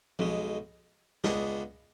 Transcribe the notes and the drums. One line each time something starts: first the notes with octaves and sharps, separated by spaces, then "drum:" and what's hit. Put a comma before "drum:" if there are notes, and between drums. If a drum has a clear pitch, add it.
B1 B2 G#3, drum: tom F3
C#2 C#3 G#3 B3 D4, drum: snare